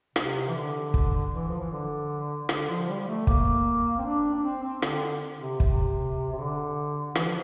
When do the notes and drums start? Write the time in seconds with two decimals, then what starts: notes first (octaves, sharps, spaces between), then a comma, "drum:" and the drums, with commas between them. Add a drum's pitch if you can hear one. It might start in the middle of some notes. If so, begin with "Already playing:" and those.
0.16 C3, drum: rim click
0.48 E3
0.54 D3
0.94 drum: kick
1.33 E3
1.48 F3
1.59 E3
1.72 D3
2.49 D3, drum: rim click
2.69 F3
2.88 G3
3.00 G3
3.08 A3
3.27 A#3, drum: kick
3.98 C4
4.05 D4
4.34 D4
4.43 C4
4.62 C4
4.82 D3, drum: rim click
5.41 C3
5.60 C3, drum: kick
6.32 C3
6.38 D3
7.15 E3, drum: rim click
7.26 F3